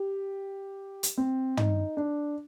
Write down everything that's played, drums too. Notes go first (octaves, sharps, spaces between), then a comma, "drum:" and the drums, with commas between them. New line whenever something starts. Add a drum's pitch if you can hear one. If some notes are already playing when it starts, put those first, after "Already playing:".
Already playing: G4
drum: hi-hat
C4
D#4, drum: tom
D4